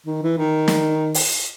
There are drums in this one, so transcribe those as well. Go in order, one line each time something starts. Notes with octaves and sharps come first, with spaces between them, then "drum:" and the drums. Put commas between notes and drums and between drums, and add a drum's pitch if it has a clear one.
D#3
E3
D#3
drum: snare
drum: open hi-hat